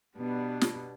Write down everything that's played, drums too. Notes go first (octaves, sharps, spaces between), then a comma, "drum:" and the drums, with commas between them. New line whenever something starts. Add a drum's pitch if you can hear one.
B2 G3 B3 D4
drum: snare